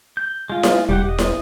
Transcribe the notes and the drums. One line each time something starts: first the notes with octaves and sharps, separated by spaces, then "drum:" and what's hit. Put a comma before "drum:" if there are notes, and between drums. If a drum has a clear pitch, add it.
G6
G#3 F4
drum: snare E4
E1 G3 G4 F#5
D#5
drum: snare E4